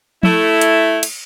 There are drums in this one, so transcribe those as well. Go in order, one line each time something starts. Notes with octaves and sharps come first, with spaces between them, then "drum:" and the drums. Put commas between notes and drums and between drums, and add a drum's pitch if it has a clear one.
A3 E4, drum: tom F3
drum: hi-hat
drum: cymbal